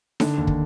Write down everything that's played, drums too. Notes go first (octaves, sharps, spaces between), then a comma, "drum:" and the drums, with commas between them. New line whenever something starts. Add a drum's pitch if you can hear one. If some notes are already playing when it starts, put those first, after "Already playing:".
D3, drum: snare D#4
D#2
drum: kick